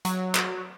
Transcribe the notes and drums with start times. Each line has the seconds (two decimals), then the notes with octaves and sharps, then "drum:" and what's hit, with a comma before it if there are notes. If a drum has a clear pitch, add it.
0.05 F#3, drum: hi-hat
0.35 drum: clap